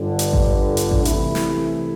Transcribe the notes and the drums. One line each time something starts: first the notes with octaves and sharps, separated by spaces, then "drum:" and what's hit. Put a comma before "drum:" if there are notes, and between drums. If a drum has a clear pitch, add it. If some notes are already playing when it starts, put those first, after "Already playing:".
Already playing: G1 G2 D3
drum: hi-hat
drum: kick G#1
drum: hi-hat
drum: kick G#1
C2 C3 E3 A3 E4, drum: hi-hat
drum: snare